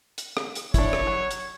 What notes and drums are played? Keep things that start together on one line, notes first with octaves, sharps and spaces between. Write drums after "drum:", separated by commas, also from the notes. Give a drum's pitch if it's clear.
drum: hi-hat
drum: rim click
drum: hi-hat
D4 E4 C#5, drum: kick, hi-hat
drum: rim click
F#3
drum: hi-hat